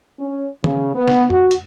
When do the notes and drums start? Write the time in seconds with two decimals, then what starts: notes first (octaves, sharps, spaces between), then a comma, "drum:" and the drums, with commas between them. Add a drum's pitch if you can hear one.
0.19 C#4
0.64 C#3, drum: tom D#3
0.94 B3
1.08 drum: snare
1.30 F#4, drum: tom F2
1.51 drum: hi-hat